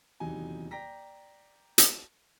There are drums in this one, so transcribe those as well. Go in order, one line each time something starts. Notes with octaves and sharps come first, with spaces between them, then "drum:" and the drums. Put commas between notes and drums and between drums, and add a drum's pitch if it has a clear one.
D#1 E2 C3 F#3 D#4 G#5
D5 G5 A#5 A#6 B6
drum: hi-hat